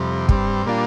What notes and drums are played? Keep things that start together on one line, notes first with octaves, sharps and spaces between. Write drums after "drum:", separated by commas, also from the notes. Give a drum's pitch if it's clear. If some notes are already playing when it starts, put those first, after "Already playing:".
Already playing: F2 C3 G3
G2 G3 C4, drum: kick
A#2 G3 A#3 D4 F4